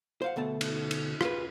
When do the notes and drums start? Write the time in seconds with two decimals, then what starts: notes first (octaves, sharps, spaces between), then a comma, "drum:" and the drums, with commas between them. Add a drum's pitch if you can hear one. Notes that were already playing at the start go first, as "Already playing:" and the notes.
0.22 C5 F5 F#5
0.36 D2 B2 A3 A5
0.61 drum: cymbal
0.91 drum: cymbal
1.21 F4 G#4 B4, drum: rim click